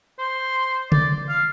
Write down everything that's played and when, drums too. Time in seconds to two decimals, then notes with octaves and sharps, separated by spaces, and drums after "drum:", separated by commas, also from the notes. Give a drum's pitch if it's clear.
0.19 C5
0.92 D5, drum: tom C#3
1.29 F5